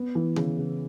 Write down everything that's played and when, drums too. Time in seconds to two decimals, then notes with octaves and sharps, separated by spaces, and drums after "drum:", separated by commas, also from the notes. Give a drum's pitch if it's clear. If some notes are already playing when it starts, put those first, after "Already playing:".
Already playing: B3
0.15 E3
0.36 C#3, drum: tom D3
0.58 C#3